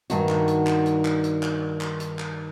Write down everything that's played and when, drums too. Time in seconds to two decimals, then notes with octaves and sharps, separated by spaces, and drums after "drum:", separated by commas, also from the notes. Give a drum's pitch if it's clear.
0.10 G2 D#3 F#4, drum: hi-hat
0.29 drum: clap
0.48 drum: hi-hat
0.67 drum: clap
0.86 drum: hi-hat
1.05 drum: clap
1.24 drum: hi-hat
1.43 drum: clap
1.81 drum: clap
2.00 drum: hi-hat
2.19 drum: clap